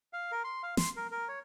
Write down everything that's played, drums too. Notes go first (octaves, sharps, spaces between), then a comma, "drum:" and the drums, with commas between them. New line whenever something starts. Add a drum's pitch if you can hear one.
F5
A#4
C6
F5
C6, drum: snare
A#4
A#4
C#5